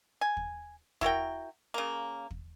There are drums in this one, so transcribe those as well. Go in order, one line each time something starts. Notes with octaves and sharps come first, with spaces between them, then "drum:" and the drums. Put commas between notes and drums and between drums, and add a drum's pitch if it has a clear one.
G#5
drum: kick
E4 F#4 A#4 G5, drum: kick
C#3 A#3
drum: kick